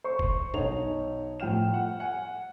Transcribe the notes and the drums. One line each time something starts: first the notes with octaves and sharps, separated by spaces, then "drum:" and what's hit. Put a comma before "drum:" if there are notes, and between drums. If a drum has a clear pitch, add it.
C5 C#6
drum: kick F#1
B1 D#4 C#5 F7, drum: tom F2
A2 F3 G5 F6 E7
F#5
F#5 G#5